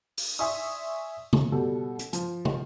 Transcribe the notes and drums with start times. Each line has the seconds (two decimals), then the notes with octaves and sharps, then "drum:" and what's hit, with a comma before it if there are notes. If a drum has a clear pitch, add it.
0.18 drum: open hi-hat
0.39 D5 E5 G#5 C6 C#6 D#6
1.33 drum: tom
1.52 B2 G3 A4
1.99 drum: hi-hat
2.13 F3, drum: hi-hat
2.45 drum: tom